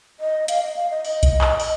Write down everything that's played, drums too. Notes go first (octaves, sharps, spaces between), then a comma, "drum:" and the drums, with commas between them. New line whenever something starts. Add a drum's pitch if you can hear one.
D#5
F5, drum: hi-hat
D#5
F5
D#5
D#5, drum: open hi-hat
drum: kick B1, hi-hat
drum: clap
D#5, drum: open hi-hat